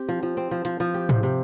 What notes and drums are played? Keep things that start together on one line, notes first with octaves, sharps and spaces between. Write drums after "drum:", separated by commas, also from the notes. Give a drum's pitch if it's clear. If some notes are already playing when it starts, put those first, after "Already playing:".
Already playing: C4 G4
F3
F3
C4
F3
F3, drum: hi-hat
F3
G4
C3, drum: tom G#2
C3